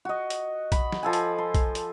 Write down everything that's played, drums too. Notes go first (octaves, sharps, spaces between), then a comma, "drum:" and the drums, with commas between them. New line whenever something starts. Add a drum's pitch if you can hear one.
F#4 D#5
drum: hi-hat
B5, drum: kick B1, hi-hat
drum: snare
F3 A4 G#5
drum: hi-hat
C6
drum: kick B1, hi-hat
drum: hi-hat